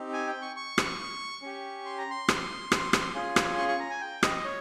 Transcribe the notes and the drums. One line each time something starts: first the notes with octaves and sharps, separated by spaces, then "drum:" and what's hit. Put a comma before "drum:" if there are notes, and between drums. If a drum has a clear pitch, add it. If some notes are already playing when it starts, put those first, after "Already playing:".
Already playing: C4 D#4 G4
G#5
G5
C#6
C#6
drum: rim click
C#4 G4
C6
A#5
C6
drum: rim click
drum: rim click
drum: rim click
C#4 F4 G#4
drum: rim click
C#6
C#6
A#5
G#5
G5
D#5, drum: rim click
C#5